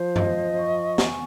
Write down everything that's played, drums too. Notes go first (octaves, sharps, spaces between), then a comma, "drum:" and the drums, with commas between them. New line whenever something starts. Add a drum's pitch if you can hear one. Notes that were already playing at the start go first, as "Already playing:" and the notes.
Already playing: F3 C5
D#5, drum: tom F#2
C#6
G#5, drum: snare